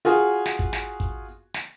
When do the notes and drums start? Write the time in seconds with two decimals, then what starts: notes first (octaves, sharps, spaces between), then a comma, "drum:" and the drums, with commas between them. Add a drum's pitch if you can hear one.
0.05 F4 F#4 G#4
0.46 drum: snare
0.59 drum: kick
0.73 drum: snare
1.00 drum: kick
1.54 drum: snare